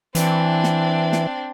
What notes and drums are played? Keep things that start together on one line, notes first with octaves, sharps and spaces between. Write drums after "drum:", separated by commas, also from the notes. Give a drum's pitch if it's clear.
E3 C4 D4, drum: hi-hat
drum: snare
drum: snare